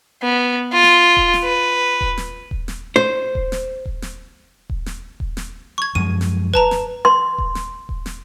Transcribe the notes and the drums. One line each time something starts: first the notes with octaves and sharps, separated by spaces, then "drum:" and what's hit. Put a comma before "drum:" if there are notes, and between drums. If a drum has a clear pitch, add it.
B3
F4
drum: snare
drum: kick D#1
drum: snare
B4
drum: kick D#1
drum: snare
drum: kick D#1
drum: snare
C5
drum: kick D#1
drum: snare
drum: kick D#1
drum: snare
drum: kick D#1
drum: snare
drum: kick D#1
drum: snare
C#6 G#6
F#2 F3 G#3 D#7
drum: snare
B4 A5 A#5, drum: kick D#1
drum: snare
C6
drum: kick D#1
drum: snare
drum: kick D#1
drum: snare